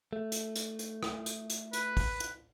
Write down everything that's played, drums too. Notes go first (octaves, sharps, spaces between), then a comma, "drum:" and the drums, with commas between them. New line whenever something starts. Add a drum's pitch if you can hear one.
A3
drum: hi-hat
drum: hi-hat
drum: hi-hat
drum: rim click
drum: hi-hat
drum: hi-hat
B4, drum: hi-hat
drum: kick, open hi-hat
drum: hi-hat